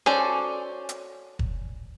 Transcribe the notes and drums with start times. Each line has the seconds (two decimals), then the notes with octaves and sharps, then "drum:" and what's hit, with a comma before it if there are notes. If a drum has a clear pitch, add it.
0.06 C#4 F#4 A4 C5 D5
0.89 drum: hi-hat
1.39 drum: kick